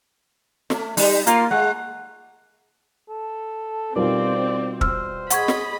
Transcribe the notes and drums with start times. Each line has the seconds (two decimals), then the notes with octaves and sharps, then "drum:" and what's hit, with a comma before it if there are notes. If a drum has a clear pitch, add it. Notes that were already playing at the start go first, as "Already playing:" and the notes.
0.70 A3, drum: snare
0.97 G3 D#4, drum: open hi-hat
1.27 A#3 F4, drum: hi-hat
1.51 G#3 F#5
3.09 A4
3.96 B2 G3 C4 D#4 F4 A#4 D5
4.81 C5 E6 F6, drum: kick
5.30 G#4 D#5 F#5 B5 C#6 G#6, drum: hi-hat
5.48 drum: snare